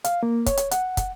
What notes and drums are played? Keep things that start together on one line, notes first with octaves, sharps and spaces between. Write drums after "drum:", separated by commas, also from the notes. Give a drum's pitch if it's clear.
F5, drum: hi-hat
A#3
C#5, drum: kick, hi-hat
drum: hi-hat
F#5, drum: hi-hat
drum: kick, hi-hat